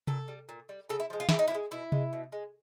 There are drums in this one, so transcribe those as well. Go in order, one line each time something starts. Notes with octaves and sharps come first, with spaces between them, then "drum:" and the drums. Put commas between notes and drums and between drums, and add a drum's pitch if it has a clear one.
A#2 A4, drum: tom C3
G3
A#2
G3
C#3 A4
E4
F3 G#3
F4
C#3 E4, drum: snare
D#4
E4
F3
G#3
B2 E4
G#3, drum: tom C3
B2
G#3